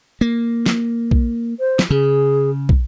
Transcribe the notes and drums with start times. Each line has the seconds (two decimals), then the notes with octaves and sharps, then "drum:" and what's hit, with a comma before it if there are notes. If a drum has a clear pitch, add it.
0.21 A#3
0.66 drum: snare
1.11 drum: kick
1.60 C5
1.79 drum: snare
1.90 C#3 G#4
2.69 drum: kick